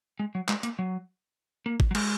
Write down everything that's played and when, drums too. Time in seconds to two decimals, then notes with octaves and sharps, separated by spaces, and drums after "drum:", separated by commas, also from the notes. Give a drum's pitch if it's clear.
0.20 G#3
0.35 F#3
0.49 G#3, drum: clap
0.63 A#3, drum: hi-hat
0.79 F#3
1.66 A#3
1.80 drum: kick G#1
1.91 F#3
1.95 G#3, drum: cymbal